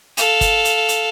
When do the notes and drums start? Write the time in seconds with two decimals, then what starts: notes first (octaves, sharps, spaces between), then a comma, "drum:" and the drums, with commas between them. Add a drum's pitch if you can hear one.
0.17 A4 F5, drum: hi-hat
0.41 drum: kick G1, hi-hat
0.65 drum: hi-hat
0.89 drum: hi-hat